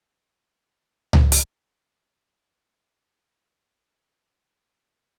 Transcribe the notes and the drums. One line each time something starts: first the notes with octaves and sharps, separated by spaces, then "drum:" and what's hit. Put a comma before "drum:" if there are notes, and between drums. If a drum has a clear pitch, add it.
B3 A#4 C#5 D6
drum: tom C#2
drum: hi-hat
E1 A1 B2
D#3
G#4